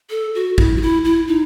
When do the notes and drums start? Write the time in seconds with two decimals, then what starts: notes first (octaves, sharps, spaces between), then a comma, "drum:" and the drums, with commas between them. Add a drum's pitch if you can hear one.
0.10 A4
0.35 F#4
0.58 E4, drum: kick
0.76 F#4
0.82 E4
1.04 E4
1.27 D#4